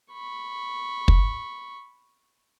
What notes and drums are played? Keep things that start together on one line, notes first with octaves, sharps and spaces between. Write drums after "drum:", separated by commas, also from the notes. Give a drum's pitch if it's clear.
B5 C#6
drum: kick